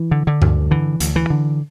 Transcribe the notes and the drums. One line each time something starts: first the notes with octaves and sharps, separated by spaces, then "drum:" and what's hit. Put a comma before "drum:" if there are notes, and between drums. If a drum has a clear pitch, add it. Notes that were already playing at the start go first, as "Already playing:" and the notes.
Already playing: E3
D3
D3
D2, drum: tom G2
D3 E3
D2, drum: hi-hat
E3
D3